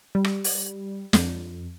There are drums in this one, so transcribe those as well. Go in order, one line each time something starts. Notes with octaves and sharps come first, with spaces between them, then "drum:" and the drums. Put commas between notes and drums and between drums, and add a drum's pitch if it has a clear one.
G3
drum: rim click
drum: open hi-hat
F2, drum: snare